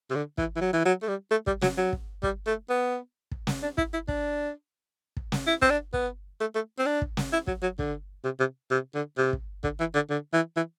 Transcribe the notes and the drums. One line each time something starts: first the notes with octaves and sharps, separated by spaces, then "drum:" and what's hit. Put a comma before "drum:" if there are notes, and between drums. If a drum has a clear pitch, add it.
C3
D3
E3, drum: kick
E3
F#3
E3
F#3
A3
G3
A3
G3, drum: kick
F#3, drum: snare
F#3
drum: kick
G3, drum: kick
A3
B3
drum: kick
drum: snare
D4
E4, drum: kick
E4
D4, drum: kick
drum: kick
drum: snare
E4
C4, drum: kick
D4
B3, drum: kick
A3
A3
C4
D4
drum: kick
drum: snare
E4
F#3, drum: kick
F#3
D3, drum: kick
C3
C3
C3
D3
C3
drum: kick
D3, drum: kick
E3
D3
D3
E3
E3